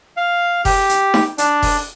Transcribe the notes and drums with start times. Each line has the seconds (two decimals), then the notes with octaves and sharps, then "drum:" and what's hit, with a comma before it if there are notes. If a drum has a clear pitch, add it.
0.17 F5
0.65 G4, drum: kick F1, open hi-hat
0.89 drum: hi-hat
1.14 drum: snare D#4
1.38 D4, drum: hi-hat
1.62 drum: kick F1, open hi-hat